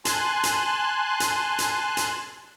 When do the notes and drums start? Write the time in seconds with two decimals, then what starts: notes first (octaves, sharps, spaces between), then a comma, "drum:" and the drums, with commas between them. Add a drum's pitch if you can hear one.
0.05 G#5 A5 C6 F#6, drum: hi-hat
0.43 drum: hi-hat
1.20 drum: hi-hat
1.59 drum: hi-hat
1.97 drum: hi-hat